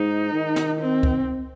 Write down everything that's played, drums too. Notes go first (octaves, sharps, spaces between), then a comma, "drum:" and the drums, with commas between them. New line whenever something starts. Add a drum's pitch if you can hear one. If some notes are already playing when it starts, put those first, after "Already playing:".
Already playing: G#2 D#4
D#3
drum: snare
C4
drum: kick C#2